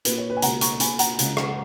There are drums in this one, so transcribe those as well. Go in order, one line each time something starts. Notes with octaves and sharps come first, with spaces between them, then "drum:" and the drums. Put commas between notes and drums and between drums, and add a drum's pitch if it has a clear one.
A#2 A#3 B4, drum: hi-hat
C#5
B4
G#5
C#2 B2 A#3 F#5 A#5, drum: hi-hat
A#5 C#6, drum: hi-hat
B2 A#3 G#5 B5, drum: hi-hat
F#5 A#5, drum: hi-hat
C#2 C#3 G#3, drum: hi-hat
drum: rim click